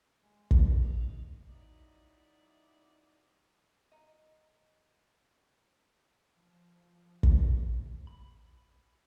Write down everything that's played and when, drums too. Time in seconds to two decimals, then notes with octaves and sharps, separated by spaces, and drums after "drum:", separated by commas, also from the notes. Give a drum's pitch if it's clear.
0.23 G#3
0.51 drum: kick
0.80 D#4 G#4 F5
1.49 F#3 D#4 E4 D5
3.92 D#5 A#5
6.30 F3
7.23 drum: kick
8.07 B5